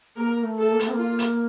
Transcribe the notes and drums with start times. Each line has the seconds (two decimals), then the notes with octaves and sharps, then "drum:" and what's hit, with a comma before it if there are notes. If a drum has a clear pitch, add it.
0.16 A#3 A#4
0.43 A3
0.58 A4
0.71 A#3
0.79 A3, drum: hi-hat
0.88 C4
0.92 A#3
0.98 F4
1.19 drum: hi-hat